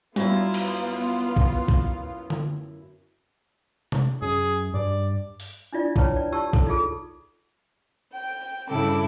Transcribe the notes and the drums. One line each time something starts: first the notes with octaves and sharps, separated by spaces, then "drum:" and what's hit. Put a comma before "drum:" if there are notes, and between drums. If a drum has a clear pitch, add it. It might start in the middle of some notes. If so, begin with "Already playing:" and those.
F#2 G3 B3 E4 F4, drum: hi-hat
drum: cymbal
drum: kick A#1
drum: kick A#1
drum: tom D3
drum: tom C3
F#2 G#4
G2 D5
drum: open hi-hat
D4 E4 F4 D5
B4 C#5 G5 A5 A#5, drum: kick A#1
D5
F4 G4 D5 A5 C#6 E6
A4, drum: kick A#1
D#4 F4 G#4 A4
G5
G2 C#3 E4 A4 D6